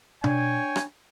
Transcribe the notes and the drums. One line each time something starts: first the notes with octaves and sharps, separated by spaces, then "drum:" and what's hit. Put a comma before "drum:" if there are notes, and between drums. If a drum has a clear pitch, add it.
D4 C#5 G5 G#5, drum: tom B2
drum: rim click